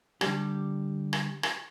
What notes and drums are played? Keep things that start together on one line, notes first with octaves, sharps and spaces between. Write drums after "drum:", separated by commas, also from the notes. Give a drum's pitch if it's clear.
D3 G3 G4, drum: rim click
drum: rim click
drum: rim click